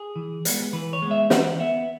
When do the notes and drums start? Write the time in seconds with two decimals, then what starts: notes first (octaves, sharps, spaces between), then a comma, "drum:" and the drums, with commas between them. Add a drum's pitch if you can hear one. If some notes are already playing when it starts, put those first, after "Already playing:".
Already playing: G#4
0.16 E3
0.45 G#3 B3, drum: hi-hat
0.73 E3 B4
0.93 C#5
1.02 G#3 B3
1.11 E5
1.30 E3 F#5, drum: snare
1.60 B3 E5